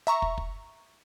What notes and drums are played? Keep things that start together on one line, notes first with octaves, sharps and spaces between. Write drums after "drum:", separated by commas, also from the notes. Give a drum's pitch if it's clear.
E5 A#5 C#6
drum: kick
drum: kick